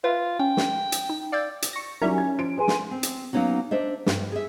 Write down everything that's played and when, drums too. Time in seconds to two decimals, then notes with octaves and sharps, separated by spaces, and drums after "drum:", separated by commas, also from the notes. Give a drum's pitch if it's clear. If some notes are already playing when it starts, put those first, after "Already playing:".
0.04 F4 B4 E5
0.39 C#4 G5
0.57 drum: snare
0.92 drum: hi-hat
1.09 D#4
1.32 D5 F5 E6 G6
1.62 drum: hi-hat
1.73 C#6 A#6
2.02 F#3 G3 C#4 D#4 E4 A#4
2.18 G#6
2.39 F3 D7
2.57 G#4 B4 G#5 C6
2.68 drum: snare
2.91 C4
3.03 drum: hi-hat
3.33 F#3 A#3 B3 C#4 D#4 F#4
3.71 D4 C5 D#5 E5
4.06 G2, drum: snare
4.32 G#4 E5